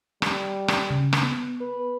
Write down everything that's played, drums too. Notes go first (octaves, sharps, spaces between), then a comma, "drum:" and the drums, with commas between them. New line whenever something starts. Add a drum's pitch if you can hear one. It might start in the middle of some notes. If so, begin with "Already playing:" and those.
G3, drum: rim click
drum: rim click
C#3
drum: rim click
B3
B4